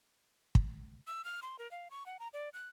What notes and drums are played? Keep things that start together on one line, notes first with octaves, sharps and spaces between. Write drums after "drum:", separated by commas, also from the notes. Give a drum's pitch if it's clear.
drum: kick
E6
F6
C6
A#4
F5
C#6
F#5
A#5
D5
F#6